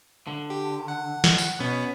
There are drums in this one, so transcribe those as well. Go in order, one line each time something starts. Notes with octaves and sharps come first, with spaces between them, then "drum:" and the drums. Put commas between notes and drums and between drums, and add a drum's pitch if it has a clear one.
D3
G4
F#5
drum: snare
drum: tambourine
B2 B3 C#4